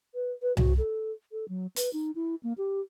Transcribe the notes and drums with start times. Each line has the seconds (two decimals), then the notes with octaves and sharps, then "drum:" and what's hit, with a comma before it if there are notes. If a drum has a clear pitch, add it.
0.15 B4
0.42 B4
0.57 F#4, drum: tom C2
0.78 A4
1.32 A4
1.48 F#3
1.76 B4, drum: hi-hat
1.93 D#4
2.15 E4
2.43 A#3
2.58 G4